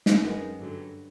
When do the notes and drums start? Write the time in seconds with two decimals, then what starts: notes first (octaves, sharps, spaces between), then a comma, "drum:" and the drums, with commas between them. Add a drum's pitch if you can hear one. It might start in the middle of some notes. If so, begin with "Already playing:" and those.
0.06 drum: snare
0.21 F#2 D#3 G#3 B3
0.59 G2 D3 F#3